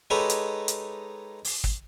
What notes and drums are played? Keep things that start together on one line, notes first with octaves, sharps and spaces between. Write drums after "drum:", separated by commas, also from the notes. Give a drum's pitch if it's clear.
G#3 D#4 G4 A4 B4 C#5
drum: hi-hat
drum: hi-hat
drum: open hi-hat
drum: kick